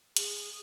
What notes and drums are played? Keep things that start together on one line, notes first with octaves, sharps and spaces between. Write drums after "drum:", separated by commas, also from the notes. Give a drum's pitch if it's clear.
G#4, drum: hi-hat